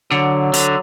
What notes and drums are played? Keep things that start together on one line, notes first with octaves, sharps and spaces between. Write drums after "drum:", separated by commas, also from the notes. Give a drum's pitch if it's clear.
D3 F#3
D3, drum: hi-hat